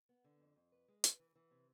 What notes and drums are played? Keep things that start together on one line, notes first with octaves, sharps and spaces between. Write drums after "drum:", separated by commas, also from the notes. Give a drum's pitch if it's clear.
B3
D3
F2
F2
B4
G#3
B4, drum: hi-hat
E3
E3
C3